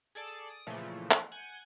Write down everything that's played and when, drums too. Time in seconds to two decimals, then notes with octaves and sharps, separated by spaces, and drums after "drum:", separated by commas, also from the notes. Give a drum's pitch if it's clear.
0.15 G#4 A4 D5 A5
0.48 D#6 D7
0.67 A#2 C#3 E3 F3 A3
1.11 drum: clap
1.32 F#5 G#5 G6 G#6